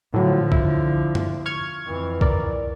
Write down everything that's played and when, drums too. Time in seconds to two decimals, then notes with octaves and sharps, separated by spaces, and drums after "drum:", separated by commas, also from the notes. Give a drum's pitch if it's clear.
0.14 A2 D3 F3 F#3
0.52 E4, drum: kick B1
1.15 drum: tom G2
1.46 C#6 F6 G#6
1.86 F2 E3
2.21 A#4 D5, drum: kick B1